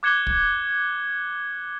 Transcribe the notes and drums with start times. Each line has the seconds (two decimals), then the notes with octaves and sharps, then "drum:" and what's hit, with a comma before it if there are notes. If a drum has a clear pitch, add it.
0.03 D6 F#6 G#6 C#7 E7 G7
0.27 drum: kick